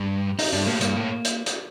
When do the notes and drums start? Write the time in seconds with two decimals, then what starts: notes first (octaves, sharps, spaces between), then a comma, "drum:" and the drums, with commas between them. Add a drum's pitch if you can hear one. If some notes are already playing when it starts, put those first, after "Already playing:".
Already playing: G2
0.39 D#4, drum: open hi-hat
0.53 G2 D4
0.67 A2 A#3
0.81 G2 A#3, drum: hi-hat
0.96 A2
1.25 drum: hi-hat
1.46 drum: hi-hat